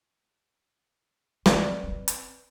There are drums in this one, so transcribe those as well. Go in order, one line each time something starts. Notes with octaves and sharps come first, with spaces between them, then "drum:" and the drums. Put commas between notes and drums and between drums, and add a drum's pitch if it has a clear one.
F#3 C4 B4 D5 D#5, drum: snare
B3 C4
drum: hi-hat